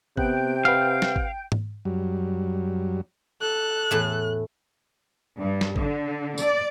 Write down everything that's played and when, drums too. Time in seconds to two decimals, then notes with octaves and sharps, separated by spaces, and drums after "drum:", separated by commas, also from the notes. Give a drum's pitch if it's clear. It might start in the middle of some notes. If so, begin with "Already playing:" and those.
0.17 C3 B3 G5 F#6 G6, drum: kick G#1
0.65 B4 F5 F#5
1.02 drum: snare
1.16 drum: kick G#1
1.52 drum: tom G#2
1.85 F#2 F#3 G3
3.41 A4 F#6
3.91 E2 A2 A3
5.37 G2
5.61 drum: snare
5.76 D3, drum: kick G#1
6.38 D5, drum: tambourine